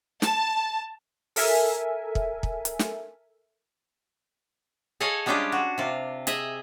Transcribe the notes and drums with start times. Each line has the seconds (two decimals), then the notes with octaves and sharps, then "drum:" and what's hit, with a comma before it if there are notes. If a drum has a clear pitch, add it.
0.22 A5, drum: snare
1.36 A4 A#4 E5 G#5, drum: open hi-hat
2.15 drum: kick
2.43 drum: kick
2.65 drum: hi-hat
2.79 drum: snare
5.00 G#4 A4 C#5 D#5 F5 G#5
5.26 G3 G#3 C#4 D4 F4 G4
5.52 F#4
5.78 C3 F4
6.27 G#4 D#5 E5, drum: hi-hat